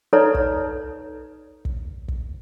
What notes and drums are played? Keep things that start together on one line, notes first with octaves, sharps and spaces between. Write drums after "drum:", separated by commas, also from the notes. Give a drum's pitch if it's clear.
D#4 A4 B4 C#5 D5 A#5
drum: kick
drum: kick
drum: kick